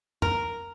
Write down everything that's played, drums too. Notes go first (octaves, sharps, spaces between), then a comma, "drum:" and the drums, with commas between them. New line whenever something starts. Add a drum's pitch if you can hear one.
A#4, drum: tom F2